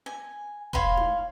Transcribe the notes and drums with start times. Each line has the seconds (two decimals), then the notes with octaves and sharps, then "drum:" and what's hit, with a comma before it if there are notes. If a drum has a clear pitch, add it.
0.06 G#5
0.73 C#5 F5 B5 C6, drum: kick E1
0.97 drum: tom D#4